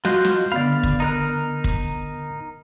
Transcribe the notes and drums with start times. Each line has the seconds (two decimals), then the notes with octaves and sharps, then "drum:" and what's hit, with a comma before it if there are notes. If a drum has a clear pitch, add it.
0.05 F4 F#4 D#5 C6 F#6 G6, drum: snare
0.24 drum: snare
0.52 D3 B3 D5 F5 B5
0.83 drum: kick
1.00 D#4 A#4 F#6
1.64 drum: kick